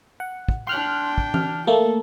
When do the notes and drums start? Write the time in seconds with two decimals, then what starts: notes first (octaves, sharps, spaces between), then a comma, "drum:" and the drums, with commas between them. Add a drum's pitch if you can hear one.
0.20 F#5
0.48 drum: kick
0.67 D4 G5 C6 F6 F#6
1.18 drum: kick
1.34 F6, drum: tom E3
1.67 A3 A#3 A4